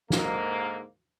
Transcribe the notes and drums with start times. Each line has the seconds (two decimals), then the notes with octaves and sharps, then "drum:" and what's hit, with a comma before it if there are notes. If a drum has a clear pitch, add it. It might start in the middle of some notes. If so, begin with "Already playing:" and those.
0.10 G#2 D3 A#3, drum: snare